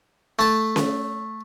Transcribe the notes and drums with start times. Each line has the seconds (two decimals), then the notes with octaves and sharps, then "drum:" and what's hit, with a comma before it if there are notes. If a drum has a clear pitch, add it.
0.39 A3 A5
0.76 drum: snare C#4